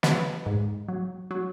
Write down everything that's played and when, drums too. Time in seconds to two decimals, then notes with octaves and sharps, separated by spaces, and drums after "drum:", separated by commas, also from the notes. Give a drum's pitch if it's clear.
0.03 F#3 B4, drum: snare
0.46 G#2
0.88 F#3
1.31 F#3